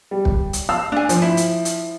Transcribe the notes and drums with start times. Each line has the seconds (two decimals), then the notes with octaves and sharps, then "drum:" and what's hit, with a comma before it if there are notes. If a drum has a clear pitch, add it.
0.11 G3
0.25 drum: kick
0.53 drum: hi-hat
0.69 F5 A5 E6
0.92 D4 G#5
1.09 F3, drum: hi-hat
1.22 E4
1.37 drum: hi-hat
1.65 drum: hi-hat